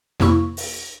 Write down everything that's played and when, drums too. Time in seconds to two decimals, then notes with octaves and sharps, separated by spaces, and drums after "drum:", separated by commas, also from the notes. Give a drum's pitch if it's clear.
0.20 F2 C3 A#3 E4 C#6, drum: snare
0.57 drum: open hi-hat